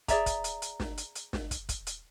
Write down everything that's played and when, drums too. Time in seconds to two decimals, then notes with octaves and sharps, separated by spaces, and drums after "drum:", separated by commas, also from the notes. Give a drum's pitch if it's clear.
0.08 G#4 D5 E5 A#5, drum: kick, hi-hat
0.26 drum: kick, hi-hat
0.44 drum: hi-hat
0.62 drum: hi-hat
0.80 drum: snare
0.97 drum: hi-hat
1.15 drum: hi-hat
1.33 drum: snare
1.51 drum: kick, hi-hat
1.69 drum: kick, hi-hat
1.87 drum: hi-hat